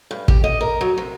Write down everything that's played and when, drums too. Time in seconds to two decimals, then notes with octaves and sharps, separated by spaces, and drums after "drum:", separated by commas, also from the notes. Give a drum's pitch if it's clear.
0.11 G2
0.28 G4, drum: kick
0.44 D#5
0.61 A#4
0.81 F#3
0.98 C3